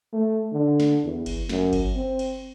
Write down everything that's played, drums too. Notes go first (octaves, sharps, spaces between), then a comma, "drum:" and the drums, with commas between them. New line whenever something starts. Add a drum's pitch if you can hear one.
A3
D3
drum: snare
E2
drum: kick G1, cymbal
F#2, drum: snare
drum: kick G1, cymbal
C4
drum: cymbal